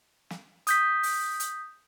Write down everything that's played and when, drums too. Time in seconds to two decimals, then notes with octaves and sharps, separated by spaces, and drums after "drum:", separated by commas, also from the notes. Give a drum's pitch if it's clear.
0.30 drum: snare
0.67 D#6 G6 B6, drum: hi-hat
1.03 drum: open hi-hat
1.40 drum: hi-hat